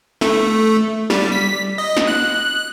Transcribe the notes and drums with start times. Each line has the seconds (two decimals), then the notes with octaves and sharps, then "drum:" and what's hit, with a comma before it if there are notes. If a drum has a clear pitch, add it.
0.21 A3, drum: snare
1.10 G3, drum: snare
1.32 B6
1.78 D#5
1.97 drum: snare
2.07 F#6